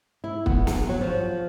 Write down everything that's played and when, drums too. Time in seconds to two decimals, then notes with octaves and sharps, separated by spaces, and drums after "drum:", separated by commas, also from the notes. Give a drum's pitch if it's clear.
0.24 E4
0.46 B3, drum: kick
0.67 drum: snare
0.89 F#3
1.01 F3